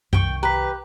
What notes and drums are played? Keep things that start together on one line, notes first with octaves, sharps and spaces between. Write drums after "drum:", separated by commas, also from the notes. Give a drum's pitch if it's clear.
C2 D#3 G5 C#6, drum: tom F#2
G4 B4 A#5 B6